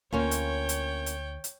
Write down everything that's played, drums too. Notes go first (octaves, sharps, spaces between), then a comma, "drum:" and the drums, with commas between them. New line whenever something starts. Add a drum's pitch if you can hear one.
D2 A#3 C#4 F4 C#5 G5
drum: hi-hat
drum: hi-hat
drum: hi-hat
drum: hi-hat